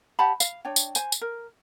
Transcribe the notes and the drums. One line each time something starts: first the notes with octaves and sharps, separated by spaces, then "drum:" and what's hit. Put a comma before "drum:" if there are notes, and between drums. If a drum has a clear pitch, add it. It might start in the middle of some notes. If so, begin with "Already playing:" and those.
G4 F#5 A5 B5
F5, drum: tambourine
D4 C#5 G5
drum: tambourine
C5 G#5, drum: tambourine
drum: tambourine
A#4